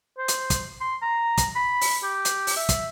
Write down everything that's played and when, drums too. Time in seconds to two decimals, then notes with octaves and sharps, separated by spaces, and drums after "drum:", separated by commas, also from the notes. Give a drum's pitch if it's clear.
0.18 C5
0.28 drum: hi-hat
0.50 drum: kick, hi-hat
0.81 C6
1.02 A#5
1.38 drum: kick, hi-hat
1.56 B5
1.81 drum: open hi-hat
2.03 G4
2.25 drum: hi-hat
2.47 drum: open hi-hat
2.57 E5
2.69 drum: kick, hi-hat